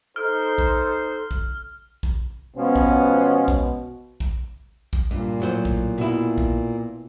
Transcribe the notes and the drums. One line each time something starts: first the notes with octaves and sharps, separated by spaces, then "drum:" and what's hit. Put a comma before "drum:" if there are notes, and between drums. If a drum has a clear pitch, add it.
D#4 A4 C5 F6
drum: kick A#1
drum: kick A#1
drum: kick A#1
B2 F3 G#3 B3 C#4
drum: kick A#1
drum: kick A#1
drum: kick A#1
drum: kick A#1
G2 A#2
A2 F#3 C5
drum: kick A#1
B2 E4
drum: kick A#1